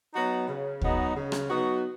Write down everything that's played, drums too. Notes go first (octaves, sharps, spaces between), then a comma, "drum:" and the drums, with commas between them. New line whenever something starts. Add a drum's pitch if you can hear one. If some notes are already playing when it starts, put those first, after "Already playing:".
F#3 B3 D#4 F#4
C#3
F#3 B3 D#4 F#4, drum: kick D2
C#3
drum: rim click
F#3 B3 D#4 F#4